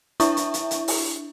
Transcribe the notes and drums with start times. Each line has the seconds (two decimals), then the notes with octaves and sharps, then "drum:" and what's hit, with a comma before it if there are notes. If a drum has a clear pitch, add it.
0.20 D4 E4 E5 C#6, drum: hi-hat
0.37 drum: hi-hat
0.54 drum: hi-hat
0.71 drum: hi-hat
0.88 drum: open hi-hat